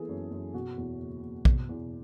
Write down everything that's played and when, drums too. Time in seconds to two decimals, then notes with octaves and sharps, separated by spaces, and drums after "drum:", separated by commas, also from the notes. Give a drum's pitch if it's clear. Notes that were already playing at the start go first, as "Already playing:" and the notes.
Already playing: E3 B3 G#4 A4
0.09 F#2
0.31 F#2
0.54 B2 F#4
0.77 E2
1.00 F#1
1.23 F#1
1.45 B2, drum: kick
1.69 E2